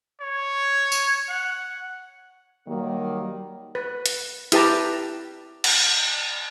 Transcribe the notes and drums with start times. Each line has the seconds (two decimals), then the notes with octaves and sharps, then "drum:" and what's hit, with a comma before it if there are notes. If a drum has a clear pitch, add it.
0.21 C#5
0.92 drum: tambourine
1.29 F#5
2.67 D#3 F#3 G3 A#3
3.75 B4
4.06 drum: hi-hat
4.52 E4 G4 B4 A5 A#5, drum: hi-hat
5.64 drum: cymbal